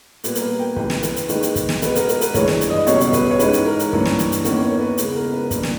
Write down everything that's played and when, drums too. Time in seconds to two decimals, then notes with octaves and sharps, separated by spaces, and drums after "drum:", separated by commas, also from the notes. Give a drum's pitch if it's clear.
0.24 A#2 G3 B3 B4, drum: hi-hat
0.35 A#4, drum: hi-hat
0.42 B4
0.59 G5
0.76 C#2 C#3 E3 B4, drum: kick
0.90 drum: snare
1.02 B4, drum: hi-hat
1.16 drum: hi-hat
1.29 D#2 D#3 G#3 B4, drum: hi-hat
1.42 drum: hi-hat
1.56 drum: kick, hi-hat
1.69 drum: snare
1.82 B2 G#3 B3 B4, drum: hi-hat
1.95 A#4, drum: hi-hat
2.09 A#4, drum: hi-hat
2.21 B4, drum: hi-hat
2.34 G2 E3 G#3 C#5, drum: kick, hi-hat
2.48 drum: snare
2.61 drum: hi-hat
2.70 D#5
2.87 C#2 B2 G3 C#4 C#5, drum: hi-hat
3.00 drum: hi-hat
3.13 B4, drum: kick, hi-hat
3.31 C#5
3.39 G#2 E3 G#3 C#4 B4, drum: hi-hat
3.53 drum: hi-hat
3.66 A#4
3.79 drum: hi-hat
3.93 G2 E3 A#3 C#4, drum: kick
4.06 drum: snare
4.19 drum: hi-hat
4.32 drum: hi-hat
4.45 E2 D#3 A#3 C#4 B4, drum: hi-hat
4.63 C#5
4.80 B4
4.98 E2 C#3 G#3 B3, drum: hi-hat
5.15 A#4
5.33 B4
5.51 G2 E3 A#3, drum: kick, hi-hat
5.63 drum: snare